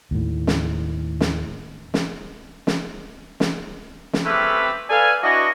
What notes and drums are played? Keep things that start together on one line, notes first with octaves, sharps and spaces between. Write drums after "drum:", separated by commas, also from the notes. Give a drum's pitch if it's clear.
D#2 A2
drum: snare
drum: snare
drum: snare
drum: snare
drum: snare
drum: snare
A3 C4 C#4 G4 A4 B4
A4 B4 D5 F5 G#5
E3 D4 F#4 D#5